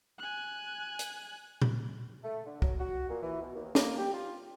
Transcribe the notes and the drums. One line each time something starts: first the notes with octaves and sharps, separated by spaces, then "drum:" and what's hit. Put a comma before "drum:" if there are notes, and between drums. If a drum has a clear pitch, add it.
G#5 F#6
drum: hi-hat
drum: tom A#2
A3
D3
F#3, drum: kick C2
F#4
A#2
E3
B2
D#2
A#3, drum: snare
G4
F4